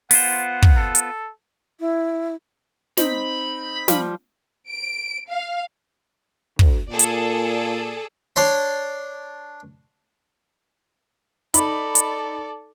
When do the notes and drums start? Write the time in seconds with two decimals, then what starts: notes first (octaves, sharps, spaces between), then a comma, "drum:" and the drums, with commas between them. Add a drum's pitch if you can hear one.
0.11 B3 F4 C5 F#5, drum: open hi-hat
0.62 drum: kick
0.77 A4
0.95 drum: hi-hat
1.80 E4
2.97 C4 D#4 B5, drum: snare
3.88 F3 G3 F4, drum: snare
4.70 D7
5.29 F5
6.59 D2, drum: kick
6.90 A#2 G#4 A4 D5
6.99 drum: hi-hat
8.36 D4 C#5 C6
11.54 D#4 A4 D5 B5, drum: hi-hat
11.95 drum: hi-hat